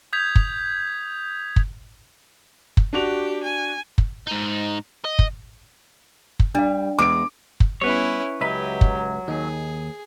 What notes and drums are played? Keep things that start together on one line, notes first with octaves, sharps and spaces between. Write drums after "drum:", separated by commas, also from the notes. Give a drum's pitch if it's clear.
D#6 G6 G#6 B6 F7
drum: kick
drum: kick
drum: kick
D4 F#4 G4 F7
G#5
drum: kick
G#2 D#4
D#5
drum: kick
drum: kick
G3 D4 F5
E2 G#3 D6 D7
drum: kick
G3 B3 C#4 E4 B4 C#5
C#2 F#3 G4 B4 D#5 E5 A#5
drum: kick
D#2 D#4 G#4